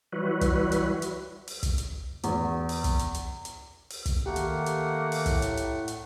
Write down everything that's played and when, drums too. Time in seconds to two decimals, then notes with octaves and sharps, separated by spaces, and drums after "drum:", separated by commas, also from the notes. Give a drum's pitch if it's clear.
0.13 E3 F#3 G3 E4 F#4 B4
0.41 drum: kick, hi-hat
0.72 drum: hi-hat
1.02 drum: hi-hat
1.48 drum: open hi-hat
1.63 drum: kick, hi-hat
1.78 drum: hi-hat
2.23 E2, drum: hi-hat
2.69 drum: open hi-hat
2.84 drum: kick, hi-hat
2.99 drum: hi-hat
3.14 drum: hi-hat
3.45 drum: hi-hat
3.90 drum: open hi-hat
4.06 drum: kick, hi-hat
4.26 D#3 A3 A#3 G4 F#5
4.36 drum: hi-hat
4.66 drum: hi-hat
5.12 drum: open hi-hat
5.26 A2, drum: kick, hi-hat
5.42 drum: hi-hat
5.57 drum: hi-hat
5.88 drum: hi-hat